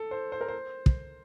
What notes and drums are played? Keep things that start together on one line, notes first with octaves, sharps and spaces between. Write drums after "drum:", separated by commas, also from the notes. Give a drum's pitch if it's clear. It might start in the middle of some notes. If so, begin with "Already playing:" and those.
Already playing: A4
C5
C5
A#4
C5
drum: kick